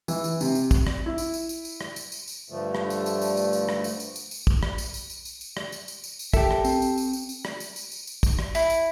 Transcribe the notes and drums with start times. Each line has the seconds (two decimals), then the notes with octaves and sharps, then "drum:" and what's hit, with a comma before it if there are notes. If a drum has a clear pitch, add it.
0.08 E3, drum: tambourine
0.24 drum: tambourine
0.41 C3, drum: tambourine
0.55 drum: tambourine
0.71 drum: kick, tambourine
0.87 drum: rim click
1.06 E4
1.18 drum: tambourine
1.34 drum: tambourine
1.49 drum: tambourine
1.65 drum: tambourine
1.81 drum: rim click
1.96 drum: tambourine
2.12 drum: tambourine
2.28 drum: tambourine
2.50 G2 D3 F3 A3
2.75 drum: rim click
2.90 drum: tambourine
3.06 drum: tambourine
3.22 drum: tambourine
3.37 drum: tambourine
3.53 drum: tambourine
3.69 drum: rim click
3.84 drum: tambourine
4.00 drum: tambourine
4.16 drum: tambourine
4.31 drum: tambourine
4.47 drum: kick
4.63 drum: rim click
4.78 drum: tambourine
4.94 drum: tambourine
5.10 drum: tambourine
5.25 drum: tambourine
5.41 drum: tambourine
5.57 drum: rim click
5.72 drum: tambourine
5.88 drum: tambourine
6.04 drum: tambourine
6.19 drum: tambourine
6.33 G4 A4 A#4 E5, drum: kick, tambourine
6.51 drum: rim click
6.65 C4, drum: tambourine
6.82 drum: tambourine
6.98 drum: tambourine
7.13 drum: tambourine
7.29 drum: tambourine
7.45 drum: rim click
7.60 drum: tambourine
7.76 drum: tambourine
7.92 drum: tambourine
8.07 drum: tambourine
8.23 drum: kick, tambourine
8.39 drum: rim click
8.55 E4, drum: tambourine
8.70 drum: tambourine